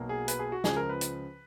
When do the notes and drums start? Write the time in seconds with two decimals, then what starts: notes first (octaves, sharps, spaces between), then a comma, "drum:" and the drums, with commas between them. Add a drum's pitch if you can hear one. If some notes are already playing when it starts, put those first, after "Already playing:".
Already playing: B1 B2 F#3 A#3
0.09 G#4
0.28 B4, drum: hi-hat
0.39 G#4
0.52 F#4
0.64 C#2 C#3 F3 G#4, drum: snare
0.77 A#4
0.89 B4
1.01 drum: hi-hat